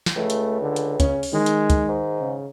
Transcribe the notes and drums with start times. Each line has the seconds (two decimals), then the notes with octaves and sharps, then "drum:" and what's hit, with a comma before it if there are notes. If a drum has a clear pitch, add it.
0.06 drum: snare
0.17 C#2 A3
0.30 drum: hi-hat
0.61 D3
0.76 drum: hi-hat
1.00 C#3 C#4, drum: kick C#2, hi-hat
1.23 drum: open hi-hat
1.33 D#3 G#3
1.46 drum: hi-hat
1.70 drum: kick C#2, hi-hat
1.89 G#2
2.20 C#3